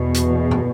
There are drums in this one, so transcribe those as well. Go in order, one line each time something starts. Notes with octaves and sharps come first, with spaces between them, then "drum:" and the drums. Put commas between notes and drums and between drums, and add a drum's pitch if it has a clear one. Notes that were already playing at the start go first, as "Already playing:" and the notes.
Already playing: E2 B2
drum: hi-hat
drum: tom